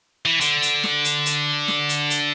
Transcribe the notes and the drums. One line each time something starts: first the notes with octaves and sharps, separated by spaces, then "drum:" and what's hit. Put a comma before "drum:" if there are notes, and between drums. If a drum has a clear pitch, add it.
E3
D3, drum: hi-hat
drum: hi-hat
drum: snare
drum: hi-hat
drum: hi-hat
drum: snare
drum: hi-hat
drum: hi-hat